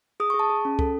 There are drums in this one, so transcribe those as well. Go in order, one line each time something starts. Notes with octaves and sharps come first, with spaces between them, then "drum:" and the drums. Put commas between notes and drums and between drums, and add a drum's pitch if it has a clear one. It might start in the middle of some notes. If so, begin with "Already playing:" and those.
G#4 D#6
C#6
G#4
A5
G#4
C#4
A4, drum: kick